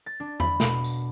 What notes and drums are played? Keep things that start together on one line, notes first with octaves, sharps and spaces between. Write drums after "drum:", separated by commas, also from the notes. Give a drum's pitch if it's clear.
A6
D4
B5, drum: tom E2
B2, drum: snare
drum: tambourine